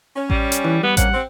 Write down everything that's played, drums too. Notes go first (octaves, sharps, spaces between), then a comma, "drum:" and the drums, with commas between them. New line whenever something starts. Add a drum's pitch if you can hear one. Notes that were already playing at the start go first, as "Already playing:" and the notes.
C#4
G3, drum: kick A1
drum: hi-hat
E3
G3 B3
C3 A#3 C#4 F#5, drum: kick A1, hi-hat
C4